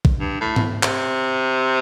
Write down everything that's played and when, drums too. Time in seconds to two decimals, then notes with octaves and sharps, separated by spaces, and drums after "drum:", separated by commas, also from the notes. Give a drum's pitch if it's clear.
0.05 drum: kick
0.20 G2
0.41 A2
0.56 drum: tom G#2
0.83 C3, drum: clap